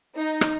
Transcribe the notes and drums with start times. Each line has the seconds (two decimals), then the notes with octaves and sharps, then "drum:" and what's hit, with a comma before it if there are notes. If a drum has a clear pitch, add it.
0.17 D#4
0.41 drum: rim click